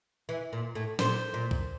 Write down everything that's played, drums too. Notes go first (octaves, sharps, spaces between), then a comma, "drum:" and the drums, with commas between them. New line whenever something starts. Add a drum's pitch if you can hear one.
E3
A#2
A2
A#2 C5, drum: snare
A#2
drum: kick B1